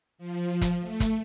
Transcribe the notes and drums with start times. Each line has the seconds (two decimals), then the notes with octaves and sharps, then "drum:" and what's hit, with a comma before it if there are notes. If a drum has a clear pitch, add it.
0.18 F3
0.61 drum: kick, hi-hat
0.81 A3
1.00 drum: kick, hi-hat